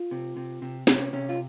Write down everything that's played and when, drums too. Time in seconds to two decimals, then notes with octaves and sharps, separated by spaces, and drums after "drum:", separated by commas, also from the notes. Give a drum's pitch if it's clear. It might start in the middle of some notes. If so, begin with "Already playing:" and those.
Already playing: F4
0.11 C3
0.37 C3
0.62 C3
0.87 C3 C#4, drum: snare
1.13 C3 C#4
1.29 F4